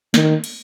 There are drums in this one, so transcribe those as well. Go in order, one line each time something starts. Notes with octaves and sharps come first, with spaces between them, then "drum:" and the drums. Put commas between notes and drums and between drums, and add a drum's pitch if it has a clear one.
D#3, drum: snare
drum: cymbal